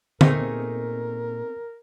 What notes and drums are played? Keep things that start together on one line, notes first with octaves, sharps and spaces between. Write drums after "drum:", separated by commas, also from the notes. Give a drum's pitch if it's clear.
A#2 A3 B3 C4 D#4 G#4 A#4, drum: tom D3